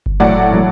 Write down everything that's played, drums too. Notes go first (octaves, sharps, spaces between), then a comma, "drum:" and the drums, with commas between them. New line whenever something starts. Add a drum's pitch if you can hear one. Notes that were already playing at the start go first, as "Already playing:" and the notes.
drum: kick F#1
A2 F#3 A3 D5 F#5
A2 F#3 A3